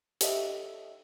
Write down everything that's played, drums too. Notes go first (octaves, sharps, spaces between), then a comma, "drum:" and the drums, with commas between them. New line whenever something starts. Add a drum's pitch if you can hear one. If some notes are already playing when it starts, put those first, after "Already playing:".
G4 A4 D#5 E5, drum: hi-hat